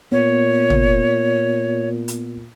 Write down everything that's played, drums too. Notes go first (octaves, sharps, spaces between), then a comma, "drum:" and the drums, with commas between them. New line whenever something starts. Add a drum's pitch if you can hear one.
A#2 B3 C#5
drum: tom
drum: hi-hat